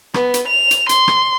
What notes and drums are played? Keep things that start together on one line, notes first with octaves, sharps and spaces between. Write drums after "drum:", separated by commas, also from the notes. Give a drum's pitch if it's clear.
B3, drum: rim click
drum: hi-hat
F7
drum: hi-hat
C6, drum: hi-hat
drum: rim click